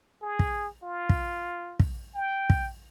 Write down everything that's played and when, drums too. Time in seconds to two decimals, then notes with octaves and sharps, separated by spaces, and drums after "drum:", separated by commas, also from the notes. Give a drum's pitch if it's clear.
0.22 G#4
0.39 drum: kick
0.83 F4
1.09 drum: kick
1.80 drum: kick
2.15 G5
2.50 drum: kick